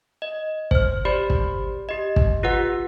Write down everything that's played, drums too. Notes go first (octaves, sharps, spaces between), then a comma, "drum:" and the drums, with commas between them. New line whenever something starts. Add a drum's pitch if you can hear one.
D#5
C5 F6, drum: kick
G4 C5 D5 B5
drum: kick
G4 D#5
drum: kick
F4 G4 B4 F#5